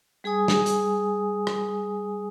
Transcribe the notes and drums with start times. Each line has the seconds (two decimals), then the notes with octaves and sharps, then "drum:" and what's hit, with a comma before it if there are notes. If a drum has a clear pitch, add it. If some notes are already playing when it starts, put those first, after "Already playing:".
0.24 G3 G#4 G#5 D#6
0.48 drum: snare
0.66 drum: hi-hat
1.47 drum: rim click